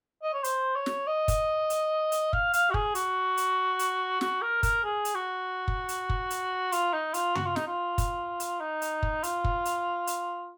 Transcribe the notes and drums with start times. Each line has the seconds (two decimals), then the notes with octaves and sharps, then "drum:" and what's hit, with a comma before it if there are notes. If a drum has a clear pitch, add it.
0.23 D#5
0.34 C#5
0.44 C5, drum: hi-hat
0.76 C#5
0.86 drum: snare
1.07 D#5
1.28 drum: kick, hi-hat
1.70 drum: hi-hat
2.12 drum: hi-hat
2.33 F5, drum: kick
2.53 F5, drum: hi-hat
2.70 F#4
2.74 G#4, drum: kick
2.95 F#4, drum: hi-hat
3.37 drum: hi-hat
3.79 drum: hi-hat
4.21 F#4, drum: snare
4.42 A#4
4.63 A#4, drum: kick, hi-hat
4.84 G#4
5.05 drum: hi-hat
5.15 F#4
5.68 drum: kick
5.89 drum: hi-hat
6.10 drum: kick
6.30 drum: hi-hat
6.72 F4, drum: hi-hat
6.93 D#4
7.14 F4, drum: hi-hat
7.35 F#4, drum: tom
7.46 F4
7.56 D#4, drum: snare
7.67 F4
7.98 drum: kick, hi-hat
8.40 drum: hi-hat
8.61 D#4
8.82 drum: hi-hat
9.03 drum: kick
9.23 F4, drum: hi-hat
9.44 drum: kick
9.65 drum: hi-hat
10.07 drum: hi-hat